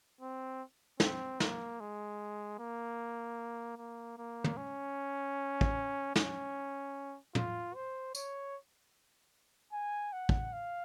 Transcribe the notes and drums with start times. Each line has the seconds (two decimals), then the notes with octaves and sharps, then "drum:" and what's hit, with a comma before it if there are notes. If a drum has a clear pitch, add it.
0.21 C4
1.00 C4, drum: snare
1.40 A#3, drum: snare
1.80 G#3
2.59 A#3
3.77 A#3
4.18 A#3
4.44 drum: tom
4.57 C#4
5.61 drum: kick
6.16 C#4, drum: snare
7.35 F4, drum: tom
7.75 C5
8.15 C#5, drum: tambourine
9.73 G#5
10.13 F#5
10.29 drum: kick
10.53 F5